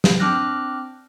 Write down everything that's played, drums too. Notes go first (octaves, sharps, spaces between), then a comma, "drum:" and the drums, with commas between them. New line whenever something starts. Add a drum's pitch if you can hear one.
drum: snare
C4 D4 D6 F6 F#6 A#6